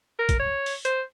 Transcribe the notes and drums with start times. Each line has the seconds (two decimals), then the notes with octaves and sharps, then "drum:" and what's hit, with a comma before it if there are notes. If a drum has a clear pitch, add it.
0.19 A#4
0.29 drum: kick, hi-hat
0.40 C#5
0.66 drum: open hi-hat
0.85 C5, drum: hi-hat